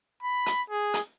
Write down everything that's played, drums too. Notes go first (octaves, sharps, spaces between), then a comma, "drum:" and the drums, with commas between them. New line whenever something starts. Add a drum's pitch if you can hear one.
B5
drum: hi-hat
G#4
drum: hi-hat